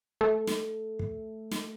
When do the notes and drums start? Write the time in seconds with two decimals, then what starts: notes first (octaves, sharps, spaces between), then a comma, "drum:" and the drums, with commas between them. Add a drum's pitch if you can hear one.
0.21 A3
0.47 drum: snare
0.99 drum: kick
1.51 drum: snare